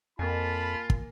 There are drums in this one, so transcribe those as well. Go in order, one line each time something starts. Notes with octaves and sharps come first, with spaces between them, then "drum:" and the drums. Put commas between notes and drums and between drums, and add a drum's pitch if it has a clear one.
F2 A#3 F4 G#5 A5 B5
drum: kick